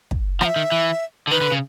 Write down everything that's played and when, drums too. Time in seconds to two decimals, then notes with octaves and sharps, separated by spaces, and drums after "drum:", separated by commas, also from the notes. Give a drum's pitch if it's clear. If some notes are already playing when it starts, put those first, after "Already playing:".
0.11 drum: kick
0.41 F3 F#5, drum: rim click
0.45 E5
0.56 D#3
0.72 E3
1.27 D3
1.31 D#3 B4
1.41 D3
1.52 C#3